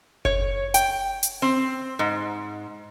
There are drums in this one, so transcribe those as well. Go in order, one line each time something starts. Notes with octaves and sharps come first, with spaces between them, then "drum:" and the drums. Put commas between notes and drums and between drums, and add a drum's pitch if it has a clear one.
C#5, drum: kick F#1
G5, drum: hi-hat
drum: hi-hat
C4
G#2